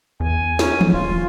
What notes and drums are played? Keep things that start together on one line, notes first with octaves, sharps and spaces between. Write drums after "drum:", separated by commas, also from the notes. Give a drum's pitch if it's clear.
E2 G#5
C#4, drum: snare
drum: tom
D#1 F4